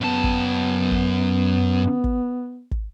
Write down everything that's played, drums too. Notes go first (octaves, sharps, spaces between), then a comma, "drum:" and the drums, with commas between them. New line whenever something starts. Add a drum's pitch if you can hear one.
F#2 B3 A5
drum: kick
drum: kick
drum: kick
drum: kick